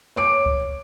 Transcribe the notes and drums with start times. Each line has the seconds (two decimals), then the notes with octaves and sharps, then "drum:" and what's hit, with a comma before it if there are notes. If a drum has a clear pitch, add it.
0.16 C#5 D6 D7
0.46 drum: kick C#2